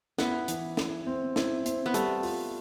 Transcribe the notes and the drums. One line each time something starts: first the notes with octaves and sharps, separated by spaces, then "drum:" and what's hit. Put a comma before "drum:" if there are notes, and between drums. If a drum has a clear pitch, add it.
B3 E4, drum: snare
E3, drum: hi-hat
E4, drum: snare
C4
E4, drum: snare
C4, drum: hi-hat
B3
G3 A3, drum: hi-hat
F4, drum: open hi-hat